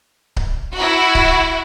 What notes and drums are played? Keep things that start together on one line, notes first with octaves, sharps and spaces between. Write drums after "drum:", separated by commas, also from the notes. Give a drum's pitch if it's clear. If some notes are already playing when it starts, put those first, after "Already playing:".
drum: kick C#1
E4 F#4
drum: kick C#1